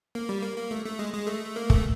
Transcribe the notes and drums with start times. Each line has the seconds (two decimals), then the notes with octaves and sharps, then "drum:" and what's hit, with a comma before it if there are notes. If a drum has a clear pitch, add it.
0.15 A#3
0.29 G3
0.43 A#3
0.57 A#3
0.71 A3
0.85 A3
0.99 G#3
1.13 G#3
1.27 A3
1.56 A#3
1.70 A3, drum: kick